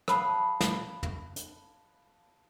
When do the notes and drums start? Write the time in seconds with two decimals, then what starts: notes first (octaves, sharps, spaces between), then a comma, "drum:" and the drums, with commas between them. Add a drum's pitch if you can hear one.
0.08 F5 A5 B5 D#6 F#6, drum: rim click
0.61 drum: snare
1.03 drum: tom
1.36 drum: hi-hat